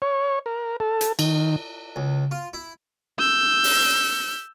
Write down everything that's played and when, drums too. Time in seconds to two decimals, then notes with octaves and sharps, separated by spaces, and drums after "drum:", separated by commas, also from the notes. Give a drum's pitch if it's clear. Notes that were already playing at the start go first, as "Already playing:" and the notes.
0.02 C#5
0.46 A#4
0.80 A4
1.01 drum: hi-hat
1.19 D#3, drum: cymbal
1.96 C#2
2.31 F4
2.53 E4
3.19 E6 G6
3.64 drum: open hi-hat